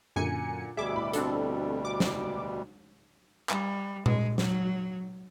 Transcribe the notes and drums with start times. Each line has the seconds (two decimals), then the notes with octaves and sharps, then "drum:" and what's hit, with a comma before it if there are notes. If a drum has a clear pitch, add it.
0.16 F#2 A#2 D3 G#5 C#7
0.77 D2 B2 G3 G#4 E5 D6
0.93 A2 B5
1.13 C4 D4 A4, drum: hi-hat
1.85 D6
2.00 drum: snare
3.49 G3, drum: clap
4.06 G#3, drum: tom A#2
4.38 F#3, drum: snare